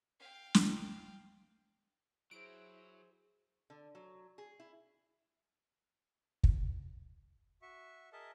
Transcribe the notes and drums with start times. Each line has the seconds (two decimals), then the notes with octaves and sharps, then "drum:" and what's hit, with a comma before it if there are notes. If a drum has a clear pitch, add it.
0.19 F5 G5
0.54 drum: snare
2.31 F#3 E4 G#4 C5 E5 D7
3.70 D3
3.95 F#3
4.38 G#4
4.60 E4
6.44 drum: kick
7.62 F#4 E5 C#6
8.13 G#4 A#4 D#5 E5 A5